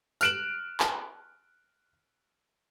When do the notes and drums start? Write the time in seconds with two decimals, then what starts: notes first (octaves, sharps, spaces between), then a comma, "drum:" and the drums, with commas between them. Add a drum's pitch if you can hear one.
0.21 F6 F#6 D7 E7 F#7, drum: tambourine
0.80 drum: clap